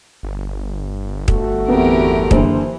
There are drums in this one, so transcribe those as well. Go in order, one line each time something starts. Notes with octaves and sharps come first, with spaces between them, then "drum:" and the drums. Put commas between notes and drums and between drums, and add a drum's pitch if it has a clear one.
G1
A3 F#4, drum: kick
E2 B3 C4 G4 A#4
F#1 D3 E3 C5, drum: kick